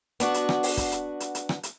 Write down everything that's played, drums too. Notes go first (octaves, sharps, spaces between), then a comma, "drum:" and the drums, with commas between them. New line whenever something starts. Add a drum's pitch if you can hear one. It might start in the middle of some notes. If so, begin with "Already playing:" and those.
B3 D4 F#4, drum: hi-hat
drum: hi-hat
drum: rim click
drum: open hi-hat
drum: kick, hi-hat
drum: hi-hat
drum: hi-hat
drum: hi-hat
drum: rim click
drum: hi-hat